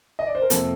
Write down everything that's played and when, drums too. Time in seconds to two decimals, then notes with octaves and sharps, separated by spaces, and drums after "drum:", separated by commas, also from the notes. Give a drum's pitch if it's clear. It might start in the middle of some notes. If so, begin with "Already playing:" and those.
0.19 D#5
0.27 D5
0.35 C5
0.42 A#4
0.50 F2 C3 F3 A#3 A4, drum: hi-hat